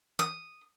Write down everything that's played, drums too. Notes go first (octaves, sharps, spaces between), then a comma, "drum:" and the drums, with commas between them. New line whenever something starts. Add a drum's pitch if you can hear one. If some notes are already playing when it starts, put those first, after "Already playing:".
D#6, drum: tom